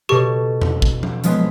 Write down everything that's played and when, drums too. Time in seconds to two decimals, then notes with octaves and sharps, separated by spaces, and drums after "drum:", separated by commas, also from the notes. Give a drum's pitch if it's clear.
0.09 B2 G4 A4 C#6
0.62 drum: tom E2
0.82 drum: kick
1.03 drum: tom F3
1.24 F3 G#3 B3, drum: hi-hat